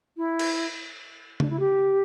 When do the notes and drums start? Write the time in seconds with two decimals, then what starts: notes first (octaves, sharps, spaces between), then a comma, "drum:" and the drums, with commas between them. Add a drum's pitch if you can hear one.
0.17 E4
0.39 drum: cymbal
1.40 D4, drum: tom C#3
1.50 E4
1.59 G4